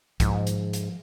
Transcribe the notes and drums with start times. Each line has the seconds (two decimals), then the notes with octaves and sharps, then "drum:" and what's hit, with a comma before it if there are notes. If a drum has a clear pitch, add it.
0.20 G#2 F3, drum: kick, hi-hat
0.47 drum: hi-hat
0.73 drum: hi-hat